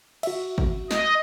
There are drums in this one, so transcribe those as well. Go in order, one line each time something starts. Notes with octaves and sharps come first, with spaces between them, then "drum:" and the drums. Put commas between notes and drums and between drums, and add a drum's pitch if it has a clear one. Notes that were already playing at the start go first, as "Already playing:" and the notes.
F#4 E5, drum: cymbal
drum: kick
D#5, drum: snare